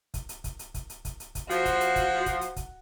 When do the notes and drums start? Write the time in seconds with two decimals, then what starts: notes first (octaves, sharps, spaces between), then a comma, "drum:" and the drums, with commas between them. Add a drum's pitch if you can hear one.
0.14 drum: kick, hi-hat
0.29 drum: hi-hat
0.44 drum: kick, hi-hat
0.59 drum: hi-hat
0.74 drum: kick, hi-hat
0.90 drum: hi-hat
1.05 drum: kick, hi-hat
1.20 drum: hi-hat
1.35 drum: kick, hi-hat
1.50 F3 F#4, drum: hi-hat
1.65 drum: kick, hi-hat
1.81 drum: hi-hat
1.96 drum: kick, hi-hat
2.26 drum: kick, hi-hat
2.41 drum: hi-hat
2.56 drum: kick, hi-hat